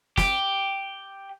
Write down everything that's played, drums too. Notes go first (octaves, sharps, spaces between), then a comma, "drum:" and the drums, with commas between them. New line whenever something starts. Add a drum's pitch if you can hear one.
G4, drum: snare